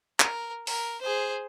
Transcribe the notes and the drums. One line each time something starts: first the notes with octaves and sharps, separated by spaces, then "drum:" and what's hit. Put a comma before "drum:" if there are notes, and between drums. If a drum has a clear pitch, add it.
A#4, drum: clap
A#4, drum: open hi-hat
G#4 C5